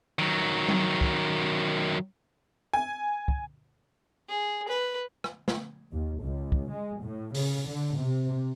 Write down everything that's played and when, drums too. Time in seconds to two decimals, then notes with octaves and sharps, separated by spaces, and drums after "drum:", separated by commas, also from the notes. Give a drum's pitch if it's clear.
0.19 D#3 F#3
0.69 drum: tom F#3
1.01 drum: kick
2.73 G#5
3.28 drum: kick
4.29 G#4
4.68 B4
5.24 drum: rim click
5.48 drum: snare
5.92 D#2
6.21 C#2
6.52 drum: kick
6.71 G#3
7.02 A2
7.34 C#3, drum: open hi-hat
7.67 D3
7.97 C3